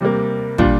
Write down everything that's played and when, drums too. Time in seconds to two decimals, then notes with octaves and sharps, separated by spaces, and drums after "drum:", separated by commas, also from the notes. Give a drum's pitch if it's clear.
0.01 C3 G3 A#3
0.58 A#2 G3 D4 F4, drum: kick